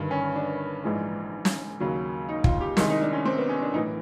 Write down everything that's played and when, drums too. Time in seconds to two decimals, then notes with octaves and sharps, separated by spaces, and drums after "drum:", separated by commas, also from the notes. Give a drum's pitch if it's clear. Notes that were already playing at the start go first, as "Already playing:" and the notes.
Already playing: G1 G2 D#3
0.11 C#4
0.36 D4
0.83 A#1 G#2 E3 G#3
1.45 drum: snare
1.80 D#2 C#3 F#3
2.29 D#4
2.44 F4, drum: kick
2.61 G4
2.77 C2 C3 D#3 G#3 D#4, drum: snare
2.89 D#4
3.01 D4
3.13 C#4
3.25 C4
3.38 B3
3.49 C#4
3.62 D4
3.73 B1 A2 E3 D#4